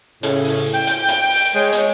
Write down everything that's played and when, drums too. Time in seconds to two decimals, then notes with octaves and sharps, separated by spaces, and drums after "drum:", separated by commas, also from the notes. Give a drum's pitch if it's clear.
0.23 A2 C#3, drum: hi-hat
0.44 drum: open hi-hat
0.74 G5
0.87 drum: hi-hat
1.08 drum: hi-hat
1.30 drum: open hi-hat
1.55 G#3 C#5
1.73 drum: hi-hat